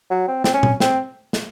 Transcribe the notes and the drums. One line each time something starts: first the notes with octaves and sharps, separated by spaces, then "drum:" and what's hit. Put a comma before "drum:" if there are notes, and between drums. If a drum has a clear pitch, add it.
F#3
C4
C4, drum: snare
C#4
drum: tom A#2
C4, drum: snare
drum: snare